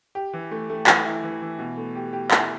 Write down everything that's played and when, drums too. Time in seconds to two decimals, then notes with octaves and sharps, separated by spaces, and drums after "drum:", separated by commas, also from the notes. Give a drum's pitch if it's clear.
0.15 G4
0.33 E3
0.51 A3
0.70 A3
0.87 E3, drum: clap
1.05 E4
1.23 E3
1.42 E3
1.59 B2
1.77 A3
1.95 G4
2.13 G4
2.31 E4, drum: clap